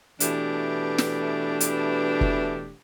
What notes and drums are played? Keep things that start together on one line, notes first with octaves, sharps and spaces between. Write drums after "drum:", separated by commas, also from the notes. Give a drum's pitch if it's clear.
B2 E3 A3 D4 G4, drum: hi-hat
drum: snare
drum: hi-hat
drum: kick